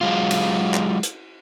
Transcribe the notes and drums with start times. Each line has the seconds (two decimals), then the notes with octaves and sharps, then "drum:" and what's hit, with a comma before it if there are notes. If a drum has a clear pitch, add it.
0.01 F#3 G#3 F4
0.31 drum: cymbal
0.74 drum: clap
1.03 drum: hi-hat